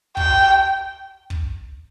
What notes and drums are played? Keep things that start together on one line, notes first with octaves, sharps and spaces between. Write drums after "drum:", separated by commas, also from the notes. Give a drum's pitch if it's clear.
G5, drum: kick
drum: kick